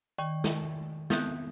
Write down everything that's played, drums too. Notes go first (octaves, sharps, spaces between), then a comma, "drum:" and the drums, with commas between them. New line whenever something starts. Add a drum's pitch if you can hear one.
D#3 D5 G5 C#6
drum: snare
B3 C4 D#6 F#6 G6, drum: snare